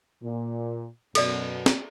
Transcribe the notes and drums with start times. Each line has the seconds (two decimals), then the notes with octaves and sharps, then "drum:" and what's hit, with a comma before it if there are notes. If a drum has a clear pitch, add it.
0.23 A#2
1.15 F#2 B2 A4 D5, drum: cymbal
1.66 drum: snare